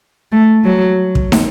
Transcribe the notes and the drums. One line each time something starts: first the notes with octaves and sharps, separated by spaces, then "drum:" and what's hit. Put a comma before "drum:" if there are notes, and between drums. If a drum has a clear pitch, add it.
A3
F#3
drum: kick
drum: snare